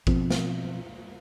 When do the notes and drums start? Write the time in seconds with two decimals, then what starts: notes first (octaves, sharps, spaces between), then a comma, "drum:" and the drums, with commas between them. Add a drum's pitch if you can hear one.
0.07 B2 F3 C4, drum: kick A1
0.30 drum: snare